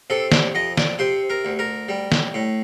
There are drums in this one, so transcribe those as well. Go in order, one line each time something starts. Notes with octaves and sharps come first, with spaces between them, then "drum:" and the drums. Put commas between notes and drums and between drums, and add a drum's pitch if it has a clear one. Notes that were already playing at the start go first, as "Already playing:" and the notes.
C3 A4
D5, drum: snare
F2 D#5
D5, drum: snare
C3 C5
A#4
D2
A#4
G3
drum: snare
A2